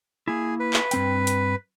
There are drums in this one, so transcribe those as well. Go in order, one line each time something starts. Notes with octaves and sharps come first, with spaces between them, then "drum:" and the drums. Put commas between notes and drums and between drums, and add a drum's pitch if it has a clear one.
A#3 E4 G#4
B4
drum: clap
G2 C4 G5, drum: hi-hat
drum: hi-hat